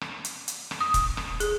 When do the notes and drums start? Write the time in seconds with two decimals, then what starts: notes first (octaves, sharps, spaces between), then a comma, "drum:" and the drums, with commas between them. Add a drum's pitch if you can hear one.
0.01 drum: rim click
0.25 drum: hi-hat
0.48 drum: hi-hat
0.71 drum: rim click
0.81 D#6
0.94 drum: kick E1, hi-hat
1.17 drum: rim click
1.40 G#4, drum: hi-hat